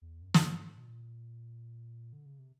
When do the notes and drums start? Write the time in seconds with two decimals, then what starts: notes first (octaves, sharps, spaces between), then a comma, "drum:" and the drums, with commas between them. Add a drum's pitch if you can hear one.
0.02 E2
0.22 F#2
0.34 F#2, drum: snare
0.43 G2
0.64 G#2
0.78 B2
0.85 A#2
2.13 D3
2.26 C#3
2.39 C3